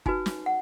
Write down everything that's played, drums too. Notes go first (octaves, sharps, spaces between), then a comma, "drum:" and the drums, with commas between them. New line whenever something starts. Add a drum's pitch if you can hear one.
D#4 F#4 B4 G#5, drum: kick G1
drum: snare
F#5